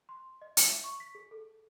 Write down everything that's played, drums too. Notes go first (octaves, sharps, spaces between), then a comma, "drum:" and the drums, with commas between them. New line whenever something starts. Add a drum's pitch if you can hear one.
C6
D#5
drum: hi-hat
E5
C#6
B6
G#4
A4